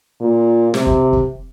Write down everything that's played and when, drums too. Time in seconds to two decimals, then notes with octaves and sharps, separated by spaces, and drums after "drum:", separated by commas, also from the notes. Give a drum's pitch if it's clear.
0.21 A#2
0.74 C3, drum: snare
0.87 drum: kick
1.13 drum: kick